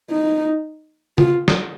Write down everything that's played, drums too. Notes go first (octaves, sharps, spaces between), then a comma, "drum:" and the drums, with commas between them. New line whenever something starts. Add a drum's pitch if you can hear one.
D#4
F4, drum: tom
drum: snare